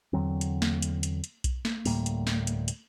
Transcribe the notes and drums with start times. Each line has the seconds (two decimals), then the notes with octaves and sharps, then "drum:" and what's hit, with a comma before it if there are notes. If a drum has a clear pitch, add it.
0.13 E2 D3 F#3 C4
0.41 drum: hi-hat
0.62 drum: snare
0.82 drum: hi-hat
1.03 drum: hi-hat
1.24 drum: hi-hat
1.44 drum: kick B1, hi-hat
1.65 drum: snare
1.85 D2 A2 G3 A#3, drum: open hi-hat
2.06 drum: hi-hat
2.27 drum: snare
2.47 drum: hi-hat
2.68 drum: hi-hat